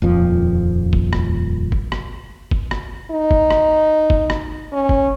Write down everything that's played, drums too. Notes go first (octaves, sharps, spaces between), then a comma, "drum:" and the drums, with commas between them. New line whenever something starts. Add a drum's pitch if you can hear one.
D#1 F2 F3
drum: kick F#1
drum: rim click
drum: kick F#1
drum: rim click
drum: kick F#1
drum: rim click
D#4
drum: kick F#1
drum: rim click
drum: kick F#1
drum: rim click
C#4
drum: kick F#1